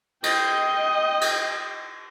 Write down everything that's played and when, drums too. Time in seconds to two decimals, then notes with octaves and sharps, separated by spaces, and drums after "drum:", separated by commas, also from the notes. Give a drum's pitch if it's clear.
0.24 D#5 G5, drum: cymbal
1.21 drum: cymbal